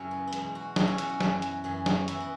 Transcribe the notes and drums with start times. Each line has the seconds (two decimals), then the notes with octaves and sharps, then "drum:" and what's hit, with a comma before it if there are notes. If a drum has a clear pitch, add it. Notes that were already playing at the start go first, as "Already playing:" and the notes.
Already playing: F#2 C#3 F#3 C#4 E4 F#4 G#4
0.11 B3
0.27 B3
0.33 E2 B2 F#3 G#3, drum: hi-hat
0.55 F#4
0.76 E2 B2 F#3 E4, drum: snare
0.88 C#4
0.98 F#4, drum: hi-hat
1.10 F#4
1.20 F#2 E3, drum: snare
1.42 drum: hi-hat
1.64 F#2 E3 G#4
1.86 F#4, drum: snare
2.08 E3 E4, drum: hi-hat
2.20 B3